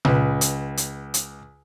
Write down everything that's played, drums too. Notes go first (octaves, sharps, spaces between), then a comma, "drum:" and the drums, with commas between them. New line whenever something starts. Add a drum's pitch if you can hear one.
C#2 B4, drum: tom A#2
drum: hi-hat
drum: hi-hat
drum: hi-hat